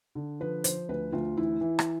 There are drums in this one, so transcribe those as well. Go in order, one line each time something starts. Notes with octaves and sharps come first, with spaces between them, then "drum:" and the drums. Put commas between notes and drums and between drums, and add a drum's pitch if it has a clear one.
D3
F3 B4
F3 C5, drum: hi-hat
D2 B4
D2 F4
E3 E4
E3
drum: rim click